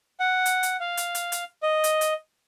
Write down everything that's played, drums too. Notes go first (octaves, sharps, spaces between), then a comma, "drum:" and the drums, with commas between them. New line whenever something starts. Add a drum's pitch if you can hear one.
F#5
drum: hi-hat
drum: hi-hat
F5
drum: hi-hat
drum: hi-hat
drum: hi-hat
D#5
drum: hi-hat
drum: hi-hat